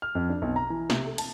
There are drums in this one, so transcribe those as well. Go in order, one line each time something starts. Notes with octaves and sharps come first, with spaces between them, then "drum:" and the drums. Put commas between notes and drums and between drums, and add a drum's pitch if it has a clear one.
F6
F2
D4
B1
A#5
E3
C3, drum: snare
A4
A5, drum: cymbal